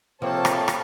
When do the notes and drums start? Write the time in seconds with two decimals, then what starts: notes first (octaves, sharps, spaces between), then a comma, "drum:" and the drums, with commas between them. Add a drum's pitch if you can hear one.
0.22 C3 F3 A#3 C4 A4 C#5 A5
0.45 drum: rim click
0.68 drum: rim click